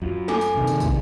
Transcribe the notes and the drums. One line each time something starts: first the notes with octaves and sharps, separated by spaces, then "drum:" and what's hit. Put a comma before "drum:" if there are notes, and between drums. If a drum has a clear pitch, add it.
F#2 F4
A4 G#5 D6, drum: snare
drum: tambourine
C3 D#3
drum: tambourine
drum: kick, tambourine